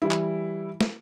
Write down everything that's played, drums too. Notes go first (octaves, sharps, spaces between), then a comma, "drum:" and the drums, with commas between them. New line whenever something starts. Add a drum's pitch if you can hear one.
E3 G3 E4
drum: clap
drum: snare